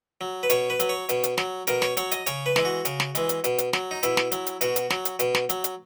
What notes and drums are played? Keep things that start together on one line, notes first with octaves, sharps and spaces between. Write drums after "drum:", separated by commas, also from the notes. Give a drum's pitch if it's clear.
F#3
B4
B2 C#5, drum: hi-hat
B4
F#3, drum: hi-hat
C#5
B2, drum: hi-hat
drum: hi-hat
F#3, drum: snare
B2 A#4, drum: hi-hat
C#5, drum: snare
F#3 C#5, drum: hi-hat
D#5, drum: hi-hat
C#3 C#5, drum: hi-hat
B4
E3 G#3, drum: snare
F#4
C#3, drum: hi-hat
drum: snare
E3 G#3, drum: hi-hat
drum: hi-hat
B2, drum: hi-hat
drum: hi-hat
F#3, drum: snare
D#4
B2 E4, drum: hi-hat
drum: snare
F#3, drum: hi-hat
drum: hi-hat
B2 F#4, drum: hi-hat
drum: hi-hat
F#3, drum: snare
drum: hi-hat
B2, drum: hi-hat
drum: snare
F#3, drum: hi-hat
drum: hi-hat